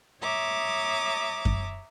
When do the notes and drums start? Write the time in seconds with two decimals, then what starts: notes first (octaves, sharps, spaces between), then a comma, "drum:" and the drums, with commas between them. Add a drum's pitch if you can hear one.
0.21 C#5 E5 A#5 D6 D#6
1.45 drum: kick F#2